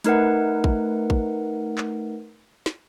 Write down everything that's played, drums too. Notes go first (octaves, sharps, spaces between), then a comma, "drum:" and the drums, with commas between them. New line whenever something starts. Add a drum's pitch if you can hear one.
A3 D#4 A#4 B4 F#5, drum: hi-hat
drum: kick
drum: kick
drum: clap
drum: snare